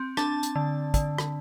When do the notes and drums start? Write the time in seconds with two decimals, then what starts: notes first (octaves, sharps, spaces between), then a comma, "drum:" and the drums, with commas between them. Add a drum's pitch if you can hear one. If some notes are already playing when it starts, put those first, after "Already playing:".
Already playing: C4
0.17 D4 A5, drum: rim click
0.43 drum: hi-hat
0.56 D3
0.94 D3, drum: kick, hi-hat
1.18 drum: rim click